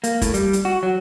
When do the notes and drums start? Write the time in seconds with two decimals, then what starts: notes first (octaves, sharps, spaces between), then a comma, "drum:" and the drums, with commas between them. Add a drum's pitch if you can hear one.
0.04 A#3, drum: hi-hat
0.22 A2, drum: kick, hi-hat
0.34 G3, drum: hi-hat
0.53 drum: hi-hat
0.65 F#4
0.83 F#3